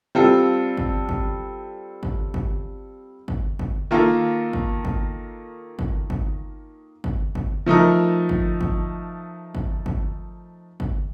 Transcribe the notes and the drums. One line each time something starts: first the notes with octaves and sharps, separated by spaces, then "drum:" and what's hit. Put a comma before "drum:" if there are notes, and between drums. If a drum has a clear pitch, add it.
G3 C4 F4 A4
drum: kick G1
drum: kick G1
drum: kick G1
drum: kick G1
drum: kick G1
drum: kick G1
D#3 A#3 F4 A4
drum: kick G1
drum: kick G1
drum: kick G1
drum: kick G1
drum: kick G1
drum: kick G1
F3 A3 D#4 A#4
drum: kick G1
drum: kick G1
drum: kick G1
drum: kick G1
drum: kick G1